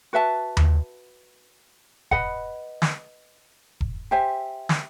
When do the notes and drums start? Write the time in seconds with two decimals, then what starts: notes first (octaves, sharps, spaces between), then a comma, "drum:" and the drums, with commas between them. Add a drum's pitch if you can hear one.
0.13 F#4 B4 E5 A5
0.57 drum: tom D#2
2.11 B4 D#5 F#5 B5, drum: kick E1
2.82 drum: snare
3.81 drum: kick E1
4.11 G4 C5 E5 G#5
4.69 drum: snare